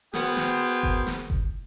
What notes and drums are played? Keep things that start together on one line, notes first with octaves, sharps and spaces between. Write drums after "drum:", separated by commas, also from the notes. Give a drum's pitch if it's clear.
B3 F#4 G#4 A#4 C5 G5, drum: snare
drum: snare
drum: kick F#1
drum: snare
drum: kick F#1